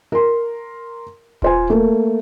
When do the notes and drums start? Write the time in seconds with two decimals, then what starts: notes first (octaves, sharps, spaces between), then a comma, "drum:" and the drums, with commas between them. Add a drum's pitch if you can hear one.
0.12 A#4 C6
1.42 F4 C5 G#5, drum: kick D#1
1.70 A3 A#3